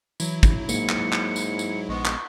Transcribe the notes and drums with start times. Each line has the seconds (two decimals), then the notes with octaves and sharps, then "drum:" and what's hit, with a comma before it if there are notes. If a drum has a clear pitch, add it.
0.20 E3 F#3 E4, drum: tambourine
0.43 drum: kick, tambourine
0.69 G#2 A#3 C#7, drum: tambourine
0.89 drum: clap
1.13 drum: clap
1.36 drum: tambourine
1.59 drum: tambourine
1.89 A#1 G#3 B3 C#6
2.06 drum: clap